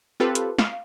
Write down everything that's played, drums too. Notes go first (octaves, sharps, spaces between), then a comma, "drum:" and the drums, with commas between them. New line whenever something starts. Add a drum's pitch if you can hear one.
C4 F4 G4 A4 B4
drum: hi-hat
F5, drum: snare